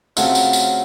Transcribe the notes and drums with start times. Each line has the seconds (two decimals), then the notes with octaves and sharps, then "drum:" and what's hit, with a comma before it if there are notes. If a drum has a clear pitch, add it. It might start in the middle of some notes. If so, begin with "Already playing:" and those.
0.17 C#3 F#3 A3 C4 F4, drum: tambourine
0.35 drum: tambourine
0.53 drum: tambourine